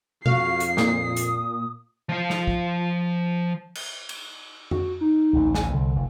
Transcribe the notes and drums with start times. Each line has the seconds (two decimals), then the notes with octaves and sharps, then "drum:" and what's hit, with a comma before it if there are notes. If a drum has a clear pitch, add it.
0.26 F2 F#4 F5 C7, drum: tom B2
0.60 drum: hi-hat
0.77 A#2 D#6, drum: snare
1.16 drum: hi-hat
2.09 F3 F5
2.30 drum: snare
2.47 drum: kick
3.75 drum: cymbal
4.09 drum: cymbal
4.71 F#4, drum: tom F2
5.01 D#4
5.33 A1 D2
5.54 G#5, drum: snare
5.73 C2 D3
5.96 F1